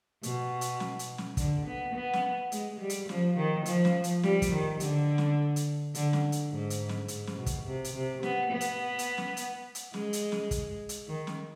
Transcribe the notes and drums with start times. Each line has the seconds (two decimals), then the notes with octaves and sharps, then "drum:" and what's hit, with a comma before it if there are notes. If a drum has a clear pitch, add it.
0.23 B2, drum: hi-hat
0.61 drum: hi-hat
0.80 drum: snare
0.99 drum: hi-hat
1.18 drum: snare
1.37 D3, drum: kick, hi-hat
1.66 B3
1.95 B3
2.13 drum: snare
2.52 G#3, drum: hi-hat
2.80 G3
2.90 drum: hi-hat
3.09 F3, drum: snare
3.37 D#3
3.66 F3, drum: hi-hat
3.85 drum: snare
4.04 drum: hi-hat
4.23 G3, drum: snare
4.42 drum: kick, hi-hat
4.51 D#3
4.80 D3, drum: hi-hat
5.18 drum: snare
5.56 drum: hi-hat
5.95 D3, drum: hi-hat
6.13 drum: snare
6.32 drum: hi-hat
6.51 G#2
6.70 drum: hi-hat
6.89 drum: snare
7.08 G#2, drum: hi-hat
7.27 drum: snare
7.36 B2
7.46 drum: kick, hi-hat
7.66 C3
7.84 drum: hi-hat
7.94 C3
8.23 B3, drum: snare
8.51 B3
8.61 drum: hi-hat
8.99 drum: hi-hat
9.18 drum: snare
9.37 drum: hi-hat
9.75 drum: hi-hat
9.94 G#3, drum: snare
10.13 drum: hi-hat
10.32 drum: snare
10.51 drum: kick, hi-hat
10.89 drum: hi-hat
11.08 D#3
11.27 drum: snare